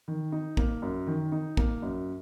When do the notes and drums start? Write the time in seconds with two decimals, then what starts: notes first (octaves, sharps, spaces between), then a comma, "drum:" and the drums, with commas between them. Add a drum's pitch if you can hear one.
0.08 D#3
0.32 D#4
0.57 A#3, drum: kick
0.82 F#2
1.07 D#3
1.32 D#4
1.57 A#3, drum: kick
1.82 F#2